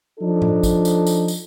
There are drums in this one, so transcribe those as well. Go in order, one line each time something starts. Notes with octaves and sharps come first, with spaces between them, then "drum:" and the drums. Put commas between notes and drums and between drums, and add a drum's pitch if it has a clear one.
F3 D4 D#4 A4
drum: tom A2
drum: kick, tambourine
drum: tambourine
drum: tambourine
drum: tambourine